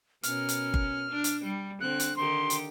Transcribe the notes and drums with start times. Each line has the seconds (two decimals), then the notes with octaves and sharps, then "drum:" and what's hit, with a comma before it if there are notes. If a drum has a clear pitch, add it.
0.23 B2 C#4 A#4 F6, drum: hi-hat
0.49 drum: hi-hat
0.74 drum: kick G1
1.09 D4
1.24 drum: hi-hat
1.44 G3
1.81 D3 C4 F#6
2.00 drum: hi-hat
2.16 D3 D#3 G4 C6
2.50 drum: hi-hat